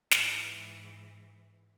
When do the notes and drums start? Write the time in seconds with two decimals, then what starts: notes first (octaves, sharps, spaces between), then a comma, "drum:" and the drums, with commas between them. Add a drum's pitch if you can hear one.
0.12 G#2 E3, drum: snare